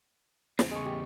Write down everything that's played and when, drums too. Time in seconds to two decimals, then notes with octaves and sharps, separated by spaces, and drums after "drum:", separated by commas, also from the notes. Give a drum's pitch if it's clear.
0.59 E2 C#3, drum: snare
0.71 G#3 C#6
0.85 G4